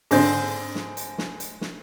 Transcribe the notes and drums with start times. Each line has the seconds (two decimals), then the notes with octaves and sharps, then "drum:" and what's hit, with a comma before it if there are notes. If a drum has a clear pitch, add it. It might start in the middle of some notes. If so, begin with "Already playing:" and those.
0.11 G#2 D3 C4, drum: open hi-hat
0.75 drum: snare
0.97 drum: hi-hat
1.18 drum: snare
1.40 drum: hi-hat
1.61 drum: snare